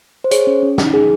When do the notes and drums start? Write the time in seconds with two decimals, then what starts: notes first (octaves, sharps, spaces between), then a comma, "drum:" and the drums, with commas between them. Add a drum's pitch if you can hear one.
0.24 C5
0.31 G#4 C#5, drum: hi-hat
0.47 C#4
0.63 C#4
0.78 D#4, drum: snare
0.93 G#4